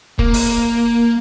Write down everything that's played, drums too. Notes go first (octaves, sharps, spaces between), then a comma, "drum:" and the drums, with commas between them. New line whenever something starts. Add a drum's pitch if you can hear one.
A#3, drum: kick
drum: open hi-hat